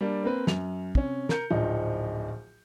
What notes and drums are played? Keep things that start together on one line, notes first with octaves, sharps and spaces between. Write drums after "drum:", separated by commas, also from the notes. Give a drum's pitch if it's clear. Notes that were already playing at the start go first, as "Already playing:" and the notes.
G3 A#3 D4
A#3 C4 B4
F#2 F7, drum: snare
C3 C#4, drum: kick
A#4 G6 C#7, drum: snare
D1 A#1 F3 D#4